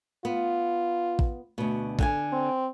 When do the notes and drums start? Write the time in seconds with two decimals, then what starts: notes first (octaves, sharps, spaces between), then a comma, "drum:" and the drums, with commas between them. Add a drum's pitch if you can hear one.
0.25 B3 F4
1.19 drum: kick
1.58 D2 B2
1.99 D3 G5 G#5, drum: kick
2.33 C4